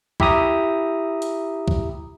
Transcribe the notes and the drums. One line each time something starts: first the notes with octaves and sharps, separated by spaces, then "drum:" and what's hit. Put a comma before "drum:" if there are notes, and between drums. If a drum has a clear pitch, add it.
E4 G4 E5 A#5 D#6, drum: kick B1
drum: hi-hat
drum: kick B1